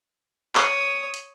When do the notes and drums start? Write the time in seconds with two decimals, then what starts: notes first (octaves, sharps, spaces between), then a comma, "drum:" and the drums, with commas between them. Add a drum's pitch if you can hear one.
0.55 C#5 D#6, drum: clap
1.14 drum: hi-hat